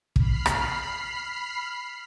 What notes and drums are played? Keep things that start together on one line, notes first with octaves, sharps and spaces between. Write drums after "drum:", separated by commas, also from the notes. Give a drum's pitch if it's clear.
B5 F6 C7, drum: kick
drum: rim click